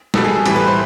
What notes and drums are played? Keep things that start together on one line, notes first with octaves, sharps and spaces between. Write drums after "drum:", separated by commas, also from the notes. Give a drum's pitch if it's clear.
B2 G3 A4, drum: snare
G#4
A4
A2 E3 G3, drum: hi-hat
B4
C5